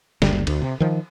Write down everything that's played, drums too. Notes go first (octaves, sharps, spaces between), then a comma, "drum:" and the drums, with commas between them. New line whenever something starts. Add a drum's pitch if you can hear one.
F#1 D2 G3, drum: snare
D2, drum: cymbal
C3
D#3 F3